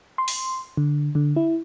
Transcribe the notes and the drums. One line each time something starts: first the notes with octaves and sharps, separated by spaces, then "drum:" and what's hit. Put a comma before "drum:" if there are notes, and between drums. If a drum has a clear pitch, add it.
C6
drum: open hi-hat
D3
D3
E4